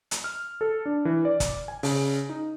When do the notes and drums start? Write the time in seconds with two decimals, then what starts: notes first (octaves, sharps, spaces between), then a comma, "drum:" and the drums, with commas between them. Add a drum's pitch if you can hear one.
0.11 drum: hi-hat
0.24 F6
0.61 A4
0.86 D4
1.05 E3
1.25 D5
1.40 drum: kick, hi-hat
1.68 G#5
1.83 C#3, drum: open hi-hat
2.29 D#4